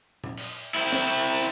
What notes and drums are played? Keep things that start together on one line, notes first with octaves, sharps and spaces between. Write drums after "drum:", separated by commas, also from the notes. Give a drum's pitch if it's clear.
drum: tom
drum: cymbal
C4 E4
drum: snare